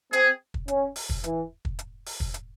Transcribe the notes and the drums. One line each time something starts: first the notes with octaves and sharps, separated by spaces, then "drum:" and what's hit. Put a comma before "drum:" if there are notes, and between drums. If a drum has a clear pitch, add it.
C4 G#4, drum: hi-hat
drum: kick
C#4, drum: hi-hat
drum: open hi-hat
drum: kick
E3, drum: hi-hat
drum: kick
drum: hi-hat
drum: open hi-hat
drum: kick
drum: hi-hat